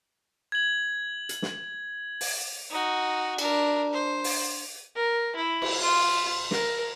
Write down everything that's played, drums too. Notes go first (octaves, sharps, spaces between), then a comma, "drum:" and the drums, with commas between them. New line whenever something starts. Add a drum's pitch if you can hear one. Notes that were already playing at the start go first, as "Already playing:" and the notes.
G#6 F#7
drum: hi-hat
drum: snare
drum: open hi-hat
D#4 F#4
D4 A#4, drum: cymbal
C5
drum: open hi-hat
A#4
E4
drum: cymbal
F4
A#4, drum: snare